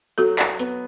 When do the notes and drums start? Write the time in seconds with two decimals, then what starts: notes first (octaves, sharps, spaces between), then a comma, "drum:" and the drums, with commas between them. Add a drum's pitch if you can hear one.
0.18 F#3 F#4 A4, drum: hi-hat
0.39 drum: clap
0.59 B3, drum: hi-hat